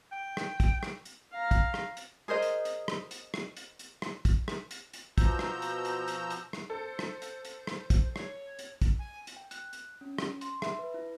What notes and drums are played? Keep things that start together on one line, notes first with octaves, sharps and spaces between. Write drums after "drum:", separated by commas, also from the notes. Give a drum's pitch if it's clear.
G5
drum: rim click
drum: kick, hi-hat
drum: rim click
drum: hi-hat
F5 A#5
drum: kick, hi-hat
drum: rim click
drum: hi-hat
G#4 A#4 C5 D#5
drum: hi-hat
drum: hi-hat
drum: rim click
drum: hi-hat
drum: rim click
drum: hi-hat
drum: hi-hat
drum: rim click
drum: kick, hi-hat
drum: rim click
drum: hi-hat
drum: hi-hat
B2 F3 A#5 E6 G6, drum: kick, hi-hat
drum: rim click
drum: hi-hat
drum: hi-hat
drum: hi-hat
drum: hi-hat
drum: rim click
A4 C5
drum: rim click
drum: hi-hat
drum: hi-hat
drum: rim click
drum: kick, hi-hat
C#5, drum: rim click
drum: hi-hat
drum: kick, hi-hat
G#5
drum: hi-hat
G5
F#6, drum: hi-hat
drum: hi-hat
C#4
drum: rim click
C6, drum: hi-hat
E5, drum: rim click
B4
E4